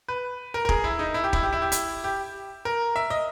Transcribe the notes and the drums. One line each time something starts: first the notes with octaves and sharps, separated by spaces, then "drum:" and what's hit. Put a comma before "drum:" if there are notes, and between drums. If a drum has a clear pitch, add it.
B4
A#4
A#4
G#4, drum: kick
E4
D#4
E4
G4
E4, drum: kick
G4
E4
G4
E4, drum: hi-hat
G4
A#4
E5
D#5